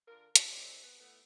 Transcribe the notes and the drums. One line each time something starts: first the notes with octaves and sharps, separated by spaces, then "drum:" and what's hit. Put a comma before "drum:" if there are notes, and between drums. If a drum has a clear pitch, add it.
D3 F4 A#4
A2, drum: hi-hat
C3 D#3 G3 A3 C4
B3
A2 A3 B3